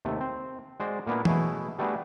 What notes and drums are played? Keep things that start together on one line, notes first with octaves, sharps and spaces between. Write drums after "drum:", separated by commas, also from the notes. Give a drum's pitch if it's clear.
D#2 C3 A3
C4 C5
G#3 F#4 C5 D5
A#2 A#3 B3 D4 E4
B2 A3 E4 G#4 C#5, drum: tom E3
G3 A3 B3 D4 F#4 G#4